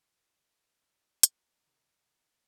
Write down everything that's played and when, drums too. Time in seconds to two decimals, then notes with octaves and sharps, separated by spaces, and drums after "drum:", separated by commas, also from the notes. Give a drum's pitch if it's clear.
0.15 A#4
0.90 B3 D#4 D5
1.23 drum: hi-hat
1.67 C3 D#3 F#5